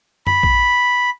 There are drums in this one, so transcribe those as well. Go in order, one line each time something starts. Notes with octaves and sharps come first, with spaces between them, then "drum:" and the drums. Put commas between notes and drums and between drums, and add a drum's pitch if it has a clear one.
B5, drum: tom F#2
drum: kick A#1